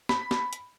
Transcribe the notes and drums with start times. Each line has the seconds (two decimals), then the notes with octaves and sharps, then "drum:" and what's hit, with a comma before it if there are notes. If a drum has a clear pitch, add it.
0.09 B5, drum: snare
0.31 drum: snare
0.53 drum: hi-hat